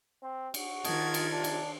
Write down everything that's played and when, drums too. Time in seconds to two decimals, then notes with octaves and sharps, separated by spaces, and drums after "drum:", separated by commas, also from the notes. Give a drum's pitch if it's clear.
0.23 C4
0.54 F#4, drum: cymbal
0.85 D#3 F4 D#5 A5 G#6 A6, drum: cymbal
1.14 drum: cymbal
1.32 C3 D4
1.44 drum: cymbal